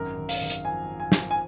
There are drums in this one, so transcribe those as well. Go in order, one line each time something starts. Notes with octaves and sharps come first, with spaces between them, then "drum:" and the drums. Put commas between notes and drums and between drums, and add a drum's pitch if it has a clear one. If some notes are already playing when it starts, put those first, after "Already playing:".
Already playing: G#1 F#2 A#4
G#1
F5, drum: open hi-hat
G#1
drum: hi-hat
F3 G#5
F3
G#5
F3, drum: snare
G#5